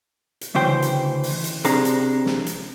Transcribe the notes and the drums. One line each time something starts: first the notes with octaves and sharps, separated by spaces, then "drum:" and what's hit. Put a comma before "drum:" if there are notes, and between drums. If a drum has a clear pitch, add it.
drum: hi-hat
D2 C#3 E3 C5 G5
drum: hi-hat
drum: open hi-hat
drum: hi-hat
C3 C4 D4 G#4 A#5, drum: hi-hat
drum: hi-hat
drum: snare
drum: hi-hat